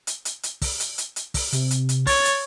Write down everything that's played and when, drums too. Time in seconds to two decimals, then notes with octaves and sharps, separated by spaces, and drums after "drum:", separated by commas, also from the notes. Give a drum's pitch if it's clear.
0.07 drum: hi-hat
0.25 drum: hi-hat
0.43 drum: hi-hat
0.62 drum: kick, open hi-hat
0.80 drum: hi-hat
0.98 drum: hi-hat
1.16 drum: hi-hat
1.34 drum: kick, open hi-hat
1.52 C3, drum: hi-hat
1.71 drum: hi-hat
1.89 drum: hi-hat
2.07 C#5 A6, drum: kick, open hi-hat
2.25 drum: hi-hat